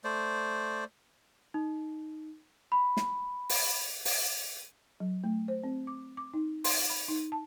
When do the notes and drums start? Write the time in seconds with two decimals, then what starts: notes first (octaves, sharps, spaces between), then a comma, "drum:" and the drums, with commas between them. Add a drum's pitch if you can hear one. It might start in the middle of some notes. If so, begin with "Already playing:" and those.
0.04 A3 C5 D5
1.54 D#4
2.72 B5
2.97 drum: snare
3.49 drum: open hi-hat
4.05 drum: open hi-hat
5.00 F#3
5.24 A3
5.48 C5
5.64 C4
5.87 D6
6.17 D6
6.34 D#4
6.64 C6, drum: open hi-hat
6.90 B5
7.08 D#4
7.32 A5